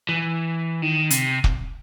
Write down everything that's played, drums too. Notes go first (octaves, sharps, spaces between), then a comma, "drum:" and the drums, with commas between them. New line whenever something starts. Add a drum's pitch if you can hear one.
E3
D#3
C3, drum: hi-hat
drum: kick